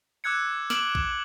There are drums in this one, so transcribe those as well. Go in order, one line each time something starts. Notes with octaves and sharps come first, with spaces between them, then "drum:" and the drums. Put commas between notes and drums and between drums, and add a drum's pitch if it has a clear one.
D6 E6 F#6 G#6 C#7
D6 F6 D7 E7 F#7, drum: snare
drum: kick A#1